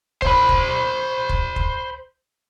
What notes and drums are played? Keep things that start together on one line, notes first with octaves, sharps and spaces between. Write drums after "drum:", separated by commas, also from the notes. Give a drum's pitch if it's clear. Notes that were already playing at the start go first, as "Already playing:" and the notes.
C5 B5, drum: kick
drum: kick
drum: kick
drum: kick